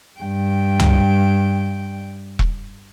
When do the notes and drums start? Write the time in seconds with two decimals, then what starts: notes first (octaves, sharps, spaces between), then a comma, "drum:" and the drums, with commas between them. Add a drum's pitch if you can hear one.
0.20 G2 G5
0.80 drum: tom
2.39 drum: kick E1